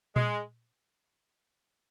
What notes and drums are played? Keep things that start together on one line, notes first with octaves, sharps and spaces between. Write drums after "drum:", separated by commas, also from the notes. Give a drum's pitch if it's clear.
G#3, drum: tom A#2